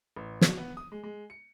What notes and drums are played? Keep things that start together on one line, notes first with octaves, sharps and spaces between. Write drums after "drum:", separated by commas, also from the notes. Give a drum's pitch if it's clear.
A1
B2, drum: snare
B3
D#6
G#3
G#3
C#7